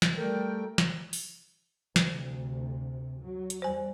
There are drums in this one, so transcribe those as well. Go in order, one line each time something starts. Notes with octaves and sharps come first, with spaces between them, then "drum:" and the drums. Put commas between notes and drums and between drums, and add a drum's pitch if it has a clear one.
drum: snare
G3 A3 A#4 G5
drum: snare
drum: open hi-hat
D2 C3, drum: snare
F#3
drum: hi-hat
E2 G3 C5 G#5